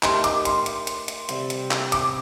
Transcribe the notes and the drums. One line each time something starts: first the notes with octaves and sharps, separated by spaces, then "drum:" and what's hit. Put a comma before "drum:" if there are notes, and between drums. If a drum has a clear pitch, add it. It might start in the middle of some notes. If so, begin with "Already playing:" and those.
A3 D#4 G4 A#4 C6, drum: clap
D6, drum: hi-hat
C6, drum: hi-hat
drum: hi-hat
drum: hi-hat
drum: hi-hat
C3 G3 C4, drum: hi-hat
drum: hi-hat
drum: clap
D6, drum: hi-hat